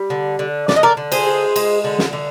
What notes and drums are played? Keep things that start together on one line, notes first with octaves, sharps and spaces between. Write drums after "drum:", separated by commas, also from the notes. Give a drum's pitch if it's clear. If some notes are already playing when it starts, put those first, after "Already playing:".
Already playing: G3
D3
D3
D3 D5, drum: snare
D#5
A#4 D5
D3
G#4 C5, drum: cymbal
G#3
G#3, drum: cymbal
D3
drum: snare
D3